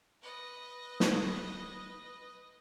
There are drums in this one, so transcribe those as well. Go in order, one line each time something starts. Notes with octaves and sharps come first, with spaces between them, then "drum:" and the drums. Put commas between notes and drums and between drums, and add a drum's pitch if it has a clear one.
B4 D#5
drum: snare